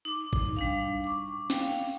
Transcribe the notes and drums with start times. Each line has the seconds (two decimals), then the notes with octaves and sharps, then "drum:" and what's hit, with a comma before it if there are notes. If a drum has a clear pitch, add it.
0.05 D#4 D6
0.33 drum: kick A1
0.56 G3 D4 F5
1.04 C#6 D6
1.50 F5 G5, drum: snare